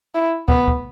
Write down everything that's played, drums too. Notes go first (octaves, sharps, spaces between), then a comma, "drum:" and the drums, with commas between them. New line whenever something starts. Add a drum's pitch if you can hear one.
E4
B3, drum: kick
drum: kick